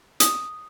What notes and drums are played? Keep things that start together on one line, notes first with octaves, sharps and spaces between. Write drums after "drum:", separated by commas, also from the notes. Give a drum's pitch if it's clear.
D#6, drum: hi-hat